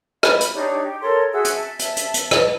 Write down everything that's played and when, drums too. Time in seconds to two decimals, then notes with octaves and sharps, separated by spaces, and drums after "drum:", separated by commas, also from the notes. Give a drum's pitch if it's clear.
0.23 E5 B5, drum: rim click
0.41 drum: hi-hat
0.54 D4 D#4 G4 C#5
0.83 G4
1.01 A4 A#4 C#5 C6
1.33 F#4 G#4 E5 E6
1.45 drum: hi-hat
1.54 E5 A5
1.79 drum: hi-hat
1.97 drum: hi-hat
2.14 drum: hi-hat
2.31 drum: rim click